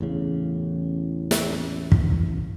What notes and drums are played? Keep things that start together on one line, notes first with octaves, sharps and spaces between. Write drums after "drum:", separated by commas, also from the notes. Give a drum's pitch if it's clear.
A1 E2 C#3
drum: snare
drum: kick